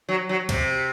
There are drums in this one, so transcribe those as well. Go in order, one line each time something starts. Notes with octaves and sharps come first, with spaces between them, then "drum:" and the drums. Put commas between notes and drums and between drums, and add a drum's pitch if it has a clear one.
F#3
F#3
C3, drum: kick, cymbal